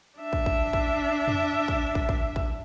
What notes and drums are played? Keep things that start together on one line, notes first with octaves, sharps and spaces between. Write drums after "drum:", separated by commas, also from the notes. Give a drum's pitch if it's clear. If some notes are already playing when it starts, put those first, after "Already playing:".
D4 E5
drum: kick
drum: kick
drum: kick
drum: tom
drum: kick
drum: kick
drum: kick
drum: kick